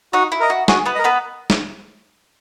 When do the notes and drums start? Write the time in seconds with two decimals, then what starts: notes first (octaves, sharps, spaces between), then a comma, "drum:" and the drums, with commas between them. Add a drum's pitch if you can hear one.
0.13 D#4 F#4 D#5
0.32 E4
0.40 A#4 D#5
0.50 F#4
0.68 F#4 G#4, drum: snare
0.86 B3 B4
0.95 A#4 D#5
1.04 B3 B4
1.50 drum: snare